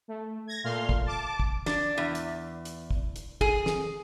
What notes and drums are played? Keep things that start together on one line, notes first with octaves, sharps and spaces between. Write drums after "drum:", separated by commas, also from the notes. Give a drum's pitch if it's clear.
A3
G#6 A#6
A#2 A3 F5 C6 F6
drum: kick
A5 D6
drum: kick
D4, drum: snare
E2
drum: hi-hat
drum: hi-hat
drum: kick
drum: hi-hat
G#4, drum: kick
drum: snare